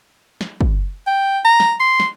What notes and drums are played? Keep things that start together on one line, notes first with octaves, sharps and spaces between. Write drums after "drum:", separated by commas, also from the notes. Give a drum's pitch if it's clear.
drum: snare
drum: kick
G5
A#5
drum: snare
C6
drum: snare